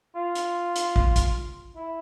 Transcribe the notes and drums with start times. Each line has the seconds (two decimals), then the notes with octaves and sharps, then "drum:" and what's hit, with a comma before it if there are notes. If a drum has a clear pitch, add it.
0.15 F4
0.35 drum: hi-hat
0.76 drum: hi-hat
0.96 drum: kick
1.16 drum: kick, hi-hat
1.76 E4